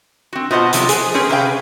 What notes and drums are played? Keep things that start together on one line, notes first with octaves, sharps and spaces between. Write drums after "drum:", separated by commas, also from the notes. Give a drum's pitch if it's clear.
C4 F#4
B2 F4 C5 D#5 F#5 A5
C3 F3 F#3, drum: hi-hat
G#4, drum: hi-hat
C4 C#4 G#4 B4
C3 C#4 G#4 B4 F5 G5